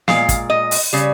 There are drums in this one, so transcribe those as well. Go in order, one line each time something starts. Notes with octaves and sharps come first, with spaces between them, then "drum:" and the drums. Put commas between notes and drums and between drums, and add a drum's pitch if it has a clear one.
A#2 G#3 F5, drum: snare
drum: kick, hi-hat
D#5
drum: open hi-hat
C#3 G3